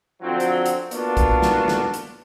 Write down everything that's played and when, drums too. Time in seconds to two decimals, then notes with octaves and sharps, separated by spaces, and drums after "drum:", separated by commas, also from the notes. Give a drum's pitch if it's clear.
0.22 D3 F3 F#3 C4
0.40 drum: hi-hat
0.66 drum: hi-hat
0.91 A#3 B3 D4 F4 F#4, drum: hi-hat
1.17 drum: kick, hi-hat
1.42 drum: snare
1.68 drum: snare
1.94 drum: hi-hat